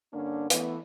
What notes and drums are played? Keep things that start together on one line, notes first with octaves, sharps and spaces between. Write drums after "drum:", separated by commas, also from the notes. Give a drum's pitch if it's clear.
G2 D3 A#3 C#4 D4
E3 A3 B3, drum: hi-hat